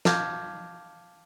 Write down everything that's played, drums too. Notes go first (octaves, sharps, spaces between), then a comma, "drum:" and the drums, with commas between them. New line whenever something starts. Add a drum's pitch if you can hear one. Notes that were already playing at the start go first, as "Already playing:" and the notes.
F5 A5 D6 F6 G6 G#6, drum: snare